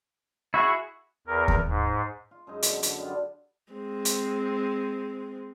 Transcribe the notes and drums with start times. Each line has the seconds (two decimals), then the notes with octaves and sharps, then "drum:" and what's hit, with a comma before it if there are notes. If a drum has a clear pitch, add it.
0.54 E4 F#4 G#4 C#6
1.27 E2 A#4
1.48 drum: kick D#2
1.68 G#2
2.31 F4
2.47 F#2 G#3 D#4
2.63 B2 D3, drum: hi-hat
2.83 D3, drum: hi-hat
3.00 G3 B3 E4 F4
3.72 G#3 C4
4.05 drum: hi-hat